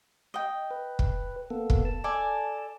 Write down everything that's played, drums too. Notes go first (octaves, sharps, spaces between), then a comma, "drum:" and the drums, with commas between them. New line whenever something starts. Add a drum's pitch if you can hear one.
D#5 G5
B4
drum: kick
A#3 B3 A4
drum: kick
A5
A4 D5 G#5